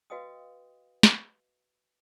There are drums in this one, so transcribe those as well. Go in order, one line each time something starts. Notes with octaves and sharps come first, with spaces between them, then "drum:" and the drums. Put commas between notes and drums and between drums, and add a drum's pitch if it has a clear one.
F#4 B4 D#5 F5 G5 D#6
drum: snare